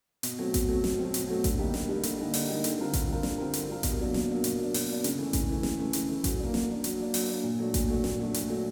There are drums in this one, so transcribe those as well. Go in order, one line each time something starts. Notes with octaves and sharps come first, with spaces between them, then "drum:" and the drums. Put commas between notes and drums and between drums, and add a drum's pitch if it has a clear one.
B2, drum: hi-hat
F#3 A3 C4
B2, drum: kick A1, hi-hat
F#3 A3 C4
B2, drum: snare
F#3 A3 C4
B2, drum: hi-hat
F#3 A3 C4
D3, drum: kick A1, hi-hat
G3 A#3 D#4 G4
D3, drum: snare
G3 A#3 D#4 G4
D3, drum: hi-hat
G3 A#3 D#4 G4
D3, drum: open hi-hat
G3 A#3 D#4 G4
D3, drum: hi-hat
G3 C4 F4 A#4
D3, drum: kick A1, hi-hat
G3 C4 F4 A#4
D3, drum: snare
G3 C4 F4 A#4
D3, drum: hi-hat
G3 C4 F4 A#4
B2, drum: kick A1, hi-hat
F#3 A#3 D4
B2, drum: snare
F#3 A#3 D4
B2, drum: hi-hat
F#3 A#3 D4
B2, drum: open hi-hat
F#3 A#3 D4
C#3, drum: hi-hat
E3 A3
C#3, drum: kick A1, hi-hat
E3 A3
C#3, drum: snare
E3 A3
C#3, drum: hi-hat
E3 A3
F#3, drum: kick A1, hi-hat
A#3 D4
F#3, drum: snare
A#3 D4
F#3, drum: hi-hat
A#3 D4
F#3, drum: open hi-hat
A#3 D4
A#2
F#3 A3 D4
A#2, drum: kick A1, hi-hat
F#3 A3 D4
A#2, drum: snare
F#3 A3 D4
A#2, drum: hi-hat
F#3 A3 D4